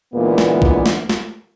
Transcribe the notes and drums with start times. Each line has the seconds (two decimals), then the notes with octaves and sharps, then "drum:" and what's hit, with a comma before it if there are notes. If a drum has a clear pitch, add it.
0.14 D2 A#2 E3 G#3 A#3 B3
0.38 drum: snare
0.62 drum: kick A#1
0.86 drum: snare
1.09 drum: snare